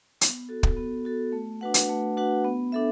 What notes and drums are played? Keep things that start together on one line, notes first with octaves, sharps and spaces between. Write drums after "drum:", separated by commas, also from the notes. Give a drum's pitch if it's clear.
B3, drum: hi-hat
F#4 A4
drum: kick
B3
F#4 A4
A3
D4 F#4 B4 F#5
drum: hi-hat
A3
D4 F#4 B4 F#5
B3
D4 A4 E5